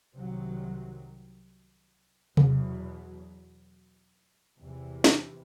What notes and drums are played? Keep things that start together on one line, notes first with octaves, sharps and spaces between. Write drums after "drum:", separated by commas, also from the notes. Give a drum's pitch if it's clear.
C2 C3 D#3 F#3
E2 B2 F#3, drum: tom C3
E2 C3 E3
drum: snare